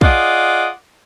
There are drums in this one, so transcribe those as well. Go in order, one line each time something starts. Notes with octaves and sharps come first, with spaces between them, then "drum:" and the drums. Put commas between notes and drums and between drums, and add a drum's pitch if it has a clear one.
F4 G#4 D5 D#5 F#5, drum: kick